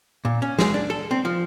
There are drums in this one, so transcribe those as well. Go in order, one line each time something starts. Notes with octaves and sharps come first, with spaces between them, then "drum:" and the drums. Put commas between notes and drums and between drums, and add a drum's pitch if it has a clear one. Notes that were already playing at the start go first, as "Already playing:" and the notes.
A#2
C#4
G#3, drum: snare
D4
A4
C4
F3